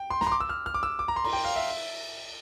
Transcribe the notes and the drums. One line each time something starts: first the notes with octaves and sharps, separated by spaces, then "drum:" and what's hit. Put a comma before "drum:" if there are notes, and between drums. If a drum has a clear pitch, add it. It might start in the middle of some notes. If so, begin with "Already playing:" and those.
Already playing: G5
C6
A#5, drum: snare
C6
D6
E6
F6
F6
D6
E6
D6
A#5
C6
A#5, drum: cymbal
G5
F5
E5